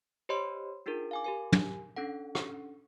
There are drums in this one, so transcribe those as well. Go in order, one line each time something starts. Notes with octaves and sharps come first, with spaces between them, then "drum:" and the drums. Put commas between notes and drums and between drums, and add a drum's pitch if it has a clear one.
G4 C5 C#5 D#5 B5 C6
D4 D#4 F4 G#4 A#4
F5 G#5 D6
G4 A#4 G#5
drum: tom
C#4 D4 A4 F#5
drum: rim click